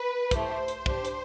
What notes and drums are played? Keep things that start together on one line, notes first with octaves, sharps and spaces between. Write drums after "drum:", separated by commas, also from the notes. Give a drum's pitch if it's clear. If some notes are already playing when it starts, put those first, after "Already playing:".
Already playing: B4
A3 E4 G4 C5, drum: kick, hi-hat
drum: hi-hat
D4 G4, drum: kick
drum: hi-hat